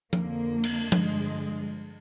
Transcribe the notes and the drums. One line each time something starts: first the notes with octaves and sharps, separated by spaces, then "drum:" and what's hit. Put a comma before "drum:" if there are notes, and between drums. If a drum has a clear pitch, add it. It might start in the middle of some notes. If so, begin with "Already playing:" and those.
F2 D3 F3 A#3, drum: tom F3
drum: cymbal
G2 D3 F3 G#3, drum: tom F3